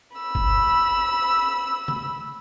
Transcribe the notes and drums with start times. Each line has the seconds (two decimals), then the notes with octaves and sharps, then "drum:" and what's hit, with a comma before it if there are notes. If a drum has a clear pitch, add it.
0.18 B5 E6
0.35 drum: kick G1
1.88 drum: tom C3